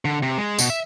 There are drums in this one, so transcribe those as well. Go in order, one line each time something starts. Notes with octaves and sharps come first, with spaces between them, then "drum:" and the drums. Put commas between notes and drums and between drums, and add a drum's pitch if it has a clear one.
D3
C3
G#3
B2, drum: tambourine
E5